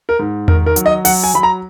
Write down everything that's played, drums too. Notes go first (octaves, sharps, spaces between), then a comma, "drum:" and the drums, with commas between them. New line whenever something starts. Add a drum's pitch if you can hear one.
A#4
G#2
D#3 A#4, drum: tom E2
A#4
F#3, drum: hi-hat
D#5
F#3 F#5, drum: open hi-hat
G#5
F#3 B5
A#5